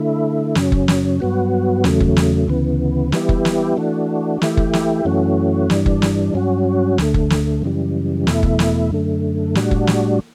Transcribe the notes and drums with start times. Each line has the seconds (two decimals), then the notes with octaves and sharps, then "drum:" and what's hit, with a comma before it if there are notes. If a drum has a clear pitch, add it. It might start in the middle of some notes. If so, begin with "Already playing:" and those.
Already playing: D3 A3 E4
0.55 F#2 C#3 F#3 C#4, drum: snare
0.72 drum: kick F#1
0.88 drum: snare
1.20 G2 F#3 B3 F#4
1.84 E2 C#3 F#3 A3, drum: snare
2.00 drum: kick F#1
2.16 drum: snare
2.48 D2 C#3 E3 B3
3.12 E3 G3 B3 E4 G4, drum: snare
3.29 drum: kick F#1
3.45 drum: snare
3.77 E3 A3 D4 F#4
4.42 E3 A3 E4 G4, drum: snare
4.57 drum: kick F#1
4.73 drum: snare
5.05 F#2 E3 A3 C#4 F#4
5.70 G2 E3 G3 D4, drum: snare
5.86 drum: kick F#1
6.02 drum: snare
6.34 G2 F#3 C#4 F#4
6.98 D2 D3 A3, drum: snare
7.14 drum: kick F#1
7.30 drum: snare
7.62 F#2 C#3 E3 G3
8.27 E2 B2 A3 E4, drum: snare
8.43 drum: kick F#1
8.59 drum: snare
8.91 F#2 D3 A3
9.55 A2 G3 D4 F#4, drum: snare
9.71 drum: kick F#1
9.87 drum: snare